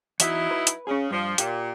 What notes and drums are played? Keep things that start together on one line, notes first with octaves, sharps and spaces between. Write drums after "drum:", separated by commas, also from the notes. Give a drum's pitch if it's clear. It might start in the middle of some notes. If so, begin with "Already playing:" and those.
E2 F#3 D#4 E4 E5, drum: hi-hat
B4
drum: hi-hat
C#3 C#4 G#4
G2 F3
A#2 G4, drum: hi-hat